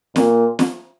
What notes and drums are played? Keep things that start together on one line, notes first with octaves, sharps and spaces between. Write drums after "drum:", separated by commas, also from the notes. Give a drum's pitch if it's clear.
A#2, drum: snare
drum: snare